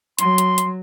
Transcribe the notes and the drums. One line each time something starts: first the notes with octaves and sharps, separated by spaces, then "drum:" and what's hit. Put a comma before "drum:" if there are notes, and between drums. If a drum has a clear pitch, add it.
F#3 C6, drum: hi-hat
drum: hi-hat
drum: hi-hat